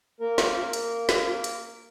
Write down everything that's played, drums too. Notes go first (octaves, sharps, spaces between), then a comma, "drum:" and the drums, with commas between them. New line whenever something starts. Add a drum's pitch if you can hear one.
A#3 A#4
drum: snare
drum: hi-hat
drum: snare
drum: hi-hat